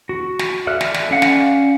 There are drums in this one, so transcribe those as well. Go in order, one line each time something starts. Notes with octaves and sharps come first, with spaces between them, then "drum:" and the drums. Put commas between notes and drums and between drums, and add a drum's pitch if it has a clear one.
F#4
drum: snare
A4 D5 E5 F6 F#6
drum: snare
drum: snare
C#4 D5 F5 F#5
drum: snare